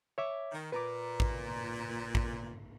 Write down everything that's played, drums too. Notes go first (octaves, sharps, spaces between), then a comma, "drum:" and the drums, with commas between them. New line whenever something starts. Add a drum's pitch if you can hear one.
C#5 E5 D6
D#3
A#2 B4 A#5 D6
drum: kick
drum: kick